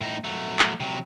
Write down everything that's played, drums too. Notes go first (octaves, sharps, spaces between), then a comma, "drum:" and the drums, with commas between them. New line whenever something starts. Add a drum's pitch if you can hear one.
A2 D#4
F#3 A3
drum: clap
C3 F#3